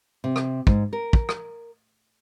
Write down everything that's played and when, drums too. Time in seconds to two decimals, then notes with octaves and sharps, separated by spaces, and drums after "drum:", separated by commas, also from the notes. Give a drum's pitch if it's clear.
0.24 C3
0.36 drum: rim click
0.67 G#2, drum: kick
0.93 A#4
1.13 drum: kick
1.29 drum: rim click